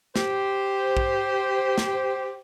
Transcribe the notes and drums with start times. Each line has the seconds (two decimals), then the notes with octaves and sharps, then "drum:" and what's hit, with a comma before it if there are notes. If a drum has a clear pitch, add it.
0.16 G4 C5, drum: snare
0.97 drum: kick A#1
1.78 drum: snare